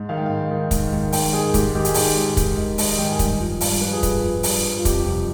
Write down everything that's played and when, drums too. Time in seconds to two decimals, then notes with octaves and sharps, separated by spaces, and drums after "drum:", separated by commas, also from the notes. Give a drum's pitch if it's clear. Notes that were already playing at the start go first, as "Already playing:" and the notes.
Already playing: G#2
0.09 D#3 F5
0.17 G5
0.26 G#2 F5
0.51 D#3
0.71 G#2, drum: kick, hi-hat
0.93 D#3
1.13 G#2 G5, drum: open hi-hat
1.33 D#3 G#4
1.54 G#2 G4, drum: kick, hi-hat
1.75 D#3 G4
1.85 G#4, drum: hi-hat
1.94 G#2 G4, drum: open hi-hat
2.16 D#3
2.37 G#2, drum: kick, hi-hat
2.57 D#3
2.78 G#2 D#5, drum: open hi-hat
2.89 D#5
2.98 D#3 G5
3.10 G#5
3.19 G2, drum: kick, hi-hat
3.41 F3
3.61 G2 F5, drum: open hi-hat
3.81 F3 B4
3.93 G#4
4.03 G2 B4, drum: kick, hi-hat
4.23 F3
4.43 G2, drum: open hi-hat
4.64 F3
4.79 F4
4.85 F2 G4, drum: kick, hi-hat
5.06 C3 F3